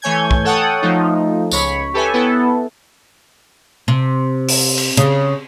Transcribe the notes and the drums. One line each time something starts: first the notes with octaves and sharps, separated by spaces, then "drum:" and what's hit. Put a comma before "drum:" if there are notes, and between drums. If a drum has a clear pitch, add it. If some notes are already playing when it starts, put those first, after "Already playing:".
E3 A3 C#5 G#5 G6 G#6
drum: kick
A4 C#5 F#5 G5 A5 D#6
F3 A3 D#4
C#2 C#5 B5, drum: tambourine
G4 A4 B4 C#5 E5 G#5
B3 E4 A4
C3
drum: open hi-hat
drum: cymbal
C#3, drum: hi-hat